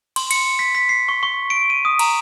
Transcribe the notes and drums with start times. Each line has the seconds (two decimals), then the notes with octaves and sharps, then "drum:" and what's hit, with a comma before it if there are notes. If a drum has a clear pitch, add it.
0.16 C6, drum: cymbal
0.31 C#7, drum: cymbal
0.59 B6
0.75 B6
0.89 C7
1.09 C#6
1.23 C#6
1.50 D7
1.70 D#7
1.85 D#6
1.99 A#5, drum: cymbal